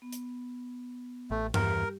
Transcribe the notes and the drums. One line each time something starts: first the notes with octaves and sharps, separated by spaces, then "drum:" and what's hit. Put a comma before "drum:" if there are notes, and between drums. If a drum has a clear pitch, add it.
B3
drum: hi-hat
A1 A3
E2 G3 G4 A#4, drum: tom G2